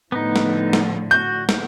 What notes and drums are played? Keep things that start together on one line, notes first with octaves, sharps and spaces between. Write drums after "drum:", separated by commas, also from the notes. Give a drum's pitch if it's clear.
A2 D3 F3 B3 D#4
drum: snare
drum: snare
F#4 G6
drum: snare